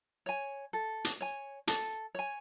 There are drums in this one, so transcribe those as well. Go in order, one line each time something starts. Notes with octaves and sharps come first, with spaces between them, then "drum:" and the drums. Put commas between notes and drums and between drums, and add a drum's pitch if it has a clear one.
C#5 G#5
A4
drum: hi-hat
C#5 G#5
A4, drum: hi-hat
C#5 G#5